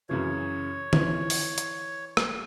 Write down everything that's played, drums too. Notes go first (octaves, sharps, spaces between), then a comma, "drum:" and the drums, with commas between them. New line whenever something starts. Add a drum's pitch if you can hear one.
F#2 C#3 E3 C#5
E3, drum: tom D3
drum: open hi-hat
drum: hi-hat
drum: rim click